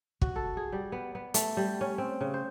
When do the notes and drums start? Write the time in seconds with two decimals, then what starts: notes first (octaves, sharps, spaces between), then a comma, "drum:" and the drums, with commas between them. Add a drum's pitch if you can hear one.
0.22 F#4, drum: kick
0.36 A4
0.57 G#4
0.72 G3
0.92 B3
1.15 B3
1.34 A3, drum: hi-hat
1.57 G3
1.81 C#4
1.98 C4
2.21 C#3
2.34 C5